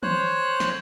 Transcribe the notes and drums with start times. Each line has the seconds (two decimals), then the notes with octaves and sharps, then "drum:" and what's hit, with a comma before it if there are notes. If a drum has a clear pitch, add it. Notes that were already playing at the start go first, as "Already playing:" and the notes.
0.03 C5 C#5 F#6, drum: tom
0.60 drum: snare